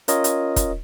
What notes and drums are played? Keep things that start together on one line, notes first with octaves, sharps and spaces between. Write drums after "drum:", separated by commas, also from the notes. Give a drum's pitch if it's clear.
C#4 F4 A#4 C#5 D#5, drum: hi-hat
drum: hi-hat
drum: kick, hi-hat